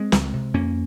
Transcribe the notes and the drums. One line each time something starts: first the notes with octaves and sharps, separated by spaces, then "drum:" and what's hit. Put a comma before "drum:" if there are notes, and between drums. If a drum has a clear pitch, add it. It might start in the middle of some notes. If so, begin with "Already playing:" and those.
Already playing: G#3 C4
C#2, drum: snare
C3
F2 A#3 C#4